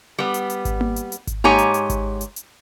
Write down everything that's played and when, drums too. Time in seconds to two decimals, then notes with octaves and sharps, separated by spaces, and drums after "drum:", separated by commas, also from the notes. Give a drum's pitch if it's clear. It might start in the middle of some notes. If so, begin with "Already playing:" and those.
0.18 G3 B3
0.34 drum: hi-hat
0.50 drum: hi-hat
0.65 drum: kick G#1, hi-hat
0.81 drum: tom A#3
0.96 drum: hi-hat
1.12 drum: hi-hat
1.27 drum: kick G#1, hi-hat
1.44 G#2 G4 C#5 G#5 A#5, drum: tom A#3
1.58 drum: hi-hat
1.74 drum: hi-hat
1.90 drum: kick G#1, hi-hat
2.21 drum: hi-hat
2.36 drum: hi-hat